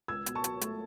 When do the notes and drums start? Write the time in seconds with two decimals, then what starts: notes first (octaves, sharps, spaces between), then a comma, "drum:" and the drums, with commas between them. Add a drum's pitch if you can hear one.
0.08 C#2 E6 G#6
0.26 B2, drum: hi-hat
0.35 A5 C#6
0.44 F#3, drum: hi-hat
0.61 A3, drum: hi-hat